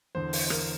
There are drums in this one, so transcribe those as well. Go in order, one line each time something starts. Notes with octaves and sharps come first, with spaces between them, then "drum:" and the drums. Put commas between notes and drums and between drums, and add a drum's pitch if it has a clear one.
E2 D3 C5
drum: open hi-hat
A#4, drum: rim click